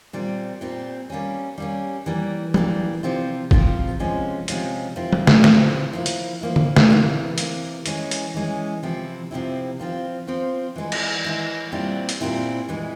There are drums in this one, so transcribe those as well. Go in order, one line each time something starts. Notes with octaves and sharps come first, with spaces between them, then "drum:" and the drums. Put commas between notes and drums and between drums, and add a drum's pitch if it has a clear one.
A#2 G3 C4
A#2 G3 C4
G3 A#3 C#4
G3 A#3 C#4
E3 G3 A#3
E3 G3 A#3, drum: tom F3
C3 F3 C4 F4
C3 F3 C4 F4, drum: kick
C3 F3 G#3 C#4
C3 F3 G#3 C#4, drum: hi-hat
F3 C4 E4
drum: tom F3
drum: snare
F3 C4 E4, drum: snare
F3 A#3 E4
drum: hi-hat
F3 A#3 E4
drum: tom D3
drum: snare
C3 E3 A#3
C3 E3 A#3, drum: hi-hat
E3 G#3 C#4, drum: hi-hat
drum: hi-hat
E3 G#3 C#4
C3 F3 C4 E4
C3 F3 C4 E4
F3 C4 F4
F3 C4 F4
E3 G#3 E4
drum: cymbal
E3 G#3 E4
A#2 G3 C4 E4
drum: hi-hat
A#2 G3 C4 E4
E3 G#3 E4